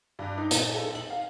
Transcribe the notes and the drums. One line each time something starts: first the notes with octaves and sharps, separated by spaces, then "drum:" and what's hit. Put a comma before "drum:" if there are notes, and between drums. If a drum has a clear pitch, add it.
G2
D#4
A#2, drum: hi-hat
A4
F#7
F5